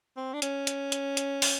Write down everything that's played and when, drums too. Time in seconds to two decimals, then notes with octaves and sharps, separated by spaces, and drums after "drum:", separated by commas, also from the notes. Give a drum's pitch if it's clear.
0.17 C4
0.33 D4
0.42 C#4, drum: hi-hat
0.67 drum: hi-hat
0.92 drum: hi-hat
1.17 drum: hi-hat
1.42 drum: open hi-hat